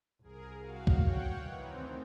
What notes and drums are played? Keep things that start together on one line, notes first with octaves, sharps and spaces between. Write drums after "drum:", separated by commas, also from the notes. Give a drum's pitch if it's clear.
C2 G#4 A#4
F#4 F5
drum: kick
C#5 F#5 G5
D#3 E3
D2 C4